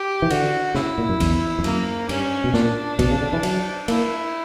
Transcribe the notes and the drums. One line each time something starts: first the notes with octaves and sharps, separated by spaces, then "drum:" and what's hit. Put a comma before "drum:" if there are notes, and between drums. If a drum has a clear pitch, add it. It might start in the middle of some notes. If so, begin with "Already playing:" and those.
Already playing: G4
E3
D3 F#4, drum: cymbal
C#3 E4, drum: snare
A#2
F#2
E2, drum: kick A#1, cymbal
E2
F#2 A#3, drum: cymbal
G2 C#4, drum: cymbal
B2
A#2 D4, drum: snare
B2, drum: kick A#1, cymbal
C#3
D3
E3
F#3, drum: cymbal
A#3 E4, drum: cymbal